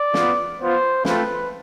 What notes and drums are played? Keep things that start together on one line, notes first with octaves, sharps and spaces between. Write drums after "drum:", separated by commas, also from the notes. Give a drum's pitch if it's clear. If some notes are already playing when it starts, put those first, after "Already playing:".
Already playing: D5
B3 F4, drum: snare
B3 F4 C5
A3 C4 F4 B4, drum: snare